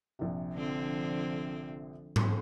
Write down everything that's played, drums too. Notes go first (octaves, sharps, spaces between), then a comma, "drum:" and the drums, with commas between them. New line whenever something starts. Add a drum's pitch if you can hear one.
A#1 C3
D3 F3 C4
drum: tom G#2